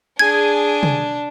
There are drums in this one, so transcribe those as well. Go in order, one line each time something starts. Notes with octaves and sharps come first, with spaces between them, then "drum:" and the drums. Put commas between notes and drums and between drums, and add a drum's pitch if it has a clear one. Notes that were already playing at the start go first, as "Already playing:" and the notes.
D4 G#4 G#5 G#6
drum: tom